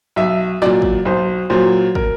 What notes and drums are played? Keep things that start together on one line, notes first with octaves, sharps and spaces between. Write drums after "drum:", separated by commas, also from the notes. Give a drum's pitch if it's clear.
B1 E5
A#2 F#3 D5, drum: snare
drum: kick
B1 C5
A#2 F#3 C5
A#4, drum: kick